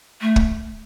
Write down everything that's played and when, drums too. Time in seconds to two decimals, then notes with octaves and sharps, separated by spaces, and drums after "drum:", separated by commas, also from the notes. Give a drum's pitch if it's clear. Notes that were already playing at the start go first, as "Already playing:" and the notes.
0.22 A3
0.36 drum: kick